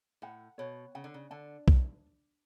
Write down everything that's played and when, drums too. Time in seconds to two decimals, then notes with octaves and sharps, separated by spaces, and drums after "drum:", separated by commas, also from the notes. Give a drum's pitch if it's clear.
0.22 A2 F#5
0.58 B2 C#5
0.95 C#3 F#5
1.04 D3
1.14 C#3
1.31 D3 A5
1.68 drum: kick B1